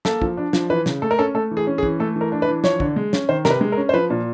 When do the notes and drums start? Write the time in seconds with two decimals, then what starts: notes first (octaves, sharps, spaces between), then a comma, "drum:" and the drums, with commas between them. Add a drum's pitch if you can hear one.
0.05 A#3 A4, drum: snare
0.22 F3, drum: kick
0.37 D4
0.53 F3, drum: snare
0.70 E3 B4
0.86 C#3, drum: snare
1.02 A3 A4
1.11 A#4
1.18 C#4 A4
1.35 A3 A4
1.51 E3
1.57 G#4
1.67 C#4
1.78 G#4
1.83 E3, drum: kick
2.00 A3 A4
2.16 E3
2.21 A#4
2.32 D4
2.42 B4
2.48 E3
2.64 F3 C#5, drum: snare
2.80 D3, drum: kick
2.96 G#3
3.13 C#4, drum: snare
3.29 D#3 C5
3.45 C3 A#4, drum: snare
3.50 B4
3.61 G#3
3.72 A#4
3.77 C#4
3.89 C5
3.93 F3 B4
4.10 A#2